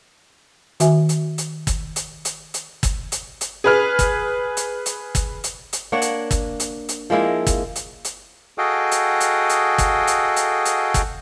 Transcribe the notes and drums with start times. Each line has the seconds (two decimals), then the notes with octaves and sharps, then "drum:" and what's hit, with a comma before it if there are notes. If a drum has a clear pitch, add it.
0.80 D#3 F#4 E5 G#5, drum: hi-hat
1.09 drum: hi-hat
1.38 drum: hi-hat
1.67 drum: kick, hi-hat
1.96 drum: hi-hat
2.25 drum: hi-hat
2.54 drum: hi-hat
2.83 drum: kick, hi-hat
3.12 drum: hi-hat
3.41 drum: hi-hat
3.64 G#4 B4 F6
3.99 drum: kick, hi-hat
4.57 drum: hi-hat
4.86 drum: hi-hat
5.15 drum: kick, hi-hat
5.44 drum: hi-hat
5.73 drum: hi-hat
5.92 A#3 D4 C#5 F#5
6.02 drum: hi-hat
6.31 drum: kick, hi-hat
6.60 drum: hi-hat
6.89 drum: hi-hat
7.10 F3 G#3 A#3 E4
7.47 drum: kick, hi-hat
7.76 drum: hi-hat
8.04 drum: hi-hat
8.58 F#4 G#4 A4 D#5 F5 G5
8.91 drum: hi-hat
9.20 drum: hi-hat
9.49 drum: hi-hat
9.78 drum: kick, hi-hat
10.07 drum: hi-hat
10.36 drum: hi-hat
10.65 drum: hi-hat
10.94 drum: kick, hi-hat